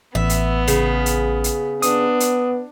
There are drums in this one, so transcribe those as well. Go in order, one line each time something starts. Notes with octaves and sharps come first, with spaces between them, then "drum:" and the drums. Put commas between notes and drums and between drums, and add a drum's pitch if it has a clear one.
A1 B3 E5
drum: hi-hat
C#3, drum: hi-hat
drum: hi-hat
drum: hi-hat
B3 D4 D#6, drum: hi-hat
drum: hi-hat